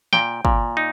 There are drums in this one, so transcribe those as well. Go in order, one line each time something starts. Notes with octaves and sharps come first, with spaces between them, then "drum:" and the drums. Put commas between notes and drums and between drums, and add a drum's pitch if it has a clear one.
A#2 G5, drum: snare
A#2, drum: kick
D#4